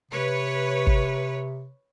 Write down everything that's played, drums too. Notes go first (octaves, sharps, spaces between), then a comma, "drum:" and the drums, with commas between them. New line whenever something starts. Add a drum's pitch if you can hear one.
C3 B4 C#5
drum: kick